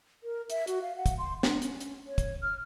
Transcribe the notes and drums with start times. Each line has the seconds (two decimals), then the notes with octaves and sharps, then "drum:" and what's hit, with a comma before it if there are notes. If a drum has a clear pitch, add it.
0.23 A#4
0.50 E5, drum: hi-hat
0.67 F#4, drum: hi-hat
0.82 F5
0.96 F#5
1.06 drum: kick, hi-hat
1.18 C6
1.43 D4, drum: snare
1.62 C#4, drum: hi-hat
1.81 drum: hi-hat
2.07 C#5
2.18 drum: kick, hi-hat
2.42 F6